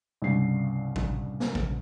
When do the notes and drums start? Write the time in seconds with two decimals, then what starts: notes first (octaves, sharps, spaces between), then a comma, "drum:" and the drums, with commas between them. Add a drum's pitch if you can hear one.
0.22 C2 G2 C#3 C7
0.96 drum: kick
1.40 drum: snare
1.55 drum: kick